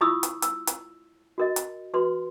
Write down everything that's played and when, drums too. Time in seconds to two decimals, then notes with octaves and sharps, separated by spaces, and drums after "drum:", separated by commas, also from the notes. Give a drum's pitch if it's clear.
0.01 E4 F4 B5 C#6 D#6 E6
0.23 drum: hi-hat
0.42 E6, drum: hi-hat
0.67 drum: hi-hat
1.38 F#4 A#4 D#5
1.56 drum: hi-hat
1.94 F#4 B4 C6